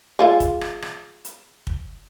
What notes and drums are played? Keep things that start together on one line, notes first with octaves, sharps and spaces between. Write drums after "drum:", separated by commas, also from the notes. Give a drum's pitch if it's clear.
G#3 F4 E5
drum: kick, hi-hat
drum: rim click
drum: rim click
drum: hi-hat
drum: kick